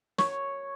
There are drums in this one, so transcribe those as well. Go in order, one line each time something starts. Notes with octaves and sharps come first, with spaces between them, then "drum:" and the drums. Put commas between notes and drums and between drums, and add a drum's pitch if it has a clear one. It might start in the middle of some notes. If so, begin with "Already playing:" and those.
C#5, drum: snare